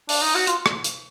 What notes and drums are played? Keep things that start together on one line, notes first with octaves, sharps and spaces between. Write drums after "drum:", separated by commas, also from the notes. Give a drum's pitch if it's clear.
D4, drum: open hi-hat
D#4
F#4
F4, drum: hi-hat
drum: rim click
drum: hi-hat